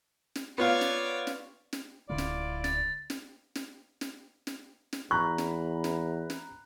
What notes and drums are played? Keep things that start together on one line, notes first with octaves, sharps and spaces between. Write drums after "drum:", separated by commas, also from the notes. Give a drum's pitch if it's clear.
drum: snare
B3 F4 C#5 D5 F5
drum: snare
drum: snare
drum: snare
D1 D3 G#3 E4 F4 D5
drum: snare
A6, drum: snare
drum: snare
drum: snare
drum: snare
drum: snare
drum: snare
E2 A#5 B5 C#6 F#6
drum: snare
drum: snare
drum: snare